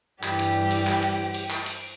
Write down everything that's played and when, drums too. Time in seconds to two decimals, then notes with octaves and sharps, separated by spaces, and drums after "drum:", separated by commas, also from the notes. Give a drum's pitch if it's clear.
0.23 G2 E3 G3 G4, drum: clap
0.39 drum: cymbal
0.71 drum: cymbal
0.87 drum: clap
1.03 drum: cymbal
1.34 drum: cymbal
1.50 drum: clap
1.66 drum: cymbal